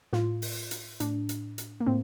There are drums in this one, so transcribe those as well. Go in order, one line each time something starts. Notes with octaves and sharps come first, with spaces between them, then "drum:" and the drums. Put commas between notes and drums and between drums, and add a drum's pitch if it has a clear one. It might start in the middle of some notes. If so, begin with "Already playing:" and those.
A2 F4, drum: snare
drum: open hi-hat
drum: hi-hat
A2 D4, drum: hi-hat
drum: hi-hat
drum: hi-hat
A#3
A2 C4